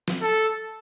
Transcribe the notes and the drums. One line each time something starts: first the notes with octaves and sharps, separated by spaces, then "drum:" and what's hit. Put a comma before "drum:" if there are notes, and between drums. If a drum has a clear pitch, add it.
drum: snare
A4